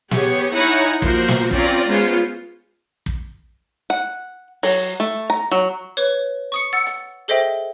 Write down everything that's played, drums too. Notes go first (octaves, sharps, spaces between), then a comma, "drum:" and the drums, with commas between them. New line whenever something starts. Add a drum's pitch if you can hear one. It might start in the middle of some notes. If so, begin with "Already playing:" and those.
B3 G4 G#4 C#5, drum: snare
D#4 E4 C#5 F#5 G#5 A#5
F3 A#3 F#4 A#4 C5, drum: kick
drum: snare
C4 C#4 F4 D5 A#5, drum: kick
G#3 B3 C#4 F4 C5
drum: kick
F#5
F#3, drum: open hi-hat
A3
A#5
F#3
B4 C#5
C#6 D#6 C#7
F#5 E6 A6 C#7
drum: hi-hat
G#4 A4 C5 D#5 E5 G5